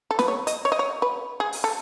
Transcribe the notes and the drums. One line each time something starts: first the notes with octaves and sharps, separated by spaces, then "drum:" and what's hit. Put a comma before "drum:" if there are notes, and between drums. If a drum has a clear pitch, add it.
A4
B4, drum: snare
C#5
D#5, drum: hi-hat
C#5
D#5
C#5
B4
G#4
drum: open hi-hat
A4